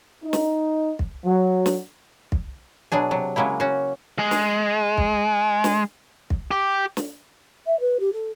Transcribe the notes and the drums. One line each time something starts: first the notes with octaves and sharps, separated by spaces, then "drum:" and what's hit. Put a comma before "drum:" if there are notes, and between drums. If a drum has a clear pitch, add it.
D#4
drum: snare
drum: kick
F#3
drum: snare
drum: kick
B2 F#3 D4 G#4
C3 F#3
C#3 F#3 G#3 A#3 E4
C#4 F#4
G#3
drum: snare
drum: kick
drum: snare
drum: kick
G4
drum: snare
E5
B4
G4
A4